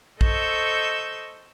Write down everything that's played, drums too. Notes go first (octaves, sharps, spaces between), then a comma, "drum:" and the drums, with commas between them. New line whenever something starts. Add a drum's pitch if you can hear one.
A4 C5 D#5 C#6 E6 G6, drum: kick A#1